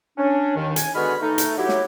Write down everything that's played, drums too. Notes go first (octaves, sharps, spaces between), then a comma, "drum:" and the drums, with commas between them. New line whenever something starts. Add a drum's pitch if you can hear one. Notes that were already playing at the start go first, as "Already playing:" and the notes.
C#4 D4
D#2 D#3
G#5, drum: hi-hat
D3 G#3 B3 F#4 B5 F6
A3 D#4
drum: hi-hat
F#3 E4 G4
drum: snare